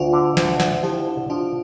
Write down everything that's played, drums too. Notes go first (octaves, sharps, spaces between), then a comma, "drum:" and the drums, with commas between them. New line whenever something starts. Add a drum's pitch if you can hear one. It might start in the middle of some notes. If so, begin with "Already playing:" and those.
Already playing: D2 D4 F4
D3
D2, drum: snare
D2, drum: snare
F3 E4 G4
D3
F3 D4 F4